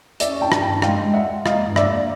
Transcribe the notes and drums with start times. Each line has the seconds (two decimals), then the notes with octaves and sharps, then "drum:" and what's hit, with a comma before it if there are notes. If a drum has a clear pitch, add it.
0.20 C#4 D5 E5, drum: hi-hat
0.41 G2 G5 A5
0.52 drum: rim click
0.61 G2 G5 A5
0.82 G#3 F5 G5, drum: rim click
1.04 G#3
1.14 E5 F#5
1.25 G#3
1.46 A#3 D#5 F5, drum: rim click
1.66 G2
1.76 D5 E5, drum: rim click
1.88 A#3